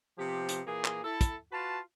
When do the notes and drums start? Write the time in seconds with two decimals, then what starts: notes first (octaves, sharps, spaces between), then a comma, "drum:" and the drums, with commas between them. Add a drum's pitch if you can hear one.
0.18 C3 F3 B3 G4
0.49 drum: hi-hat
0.66 A#2 E3 A#3 G#4
0.85 drum: clap
1.03 E4 A4
1.21 drum: kick, hi-hat
1.52 F4 F#4 B4 A5